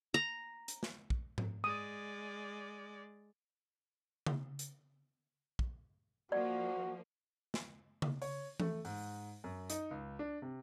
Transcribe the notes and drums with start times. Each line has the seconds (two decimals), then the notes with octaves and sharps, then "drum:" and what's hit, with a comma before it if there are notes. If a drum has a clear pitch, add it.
0.14 A#5
0.68 drum: hi-hat
0.83 drum: snare
1.10 drum: kick
1.38 drum: tom G#2
1.64 G#3 D5 D#6
4.26 drum: tom C#3
4.59 drum: hi-hat
5.59 drum: kick
6.32 F3 A#3 F#4 D5
7.54 drum: snare
8.02 drum: tom C#3
8.22 C#5, drum: open hi-hat
8.60 A3, drum: tom E3
8.85 G#2, drum: open hi-hat
9.44 F#2
9.70 D#4, drum: hi-hat
9.91 C#2
10.19 D4
10.42 C3